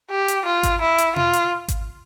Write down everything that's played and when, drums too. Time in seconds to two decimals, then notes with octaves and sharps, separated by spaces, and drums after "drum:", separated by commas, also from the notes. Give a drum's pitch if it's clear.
0.11 G4
0.28 drum: hi-hat
0.45 F4
0.63 drum: kick G#1, hi-hat
0.81 E4
0.98 drum: hi-hat
1.16 F4, drum: tom B2
1.33 drum: hi-hat
1.68 drum: kick G#1, hi-hat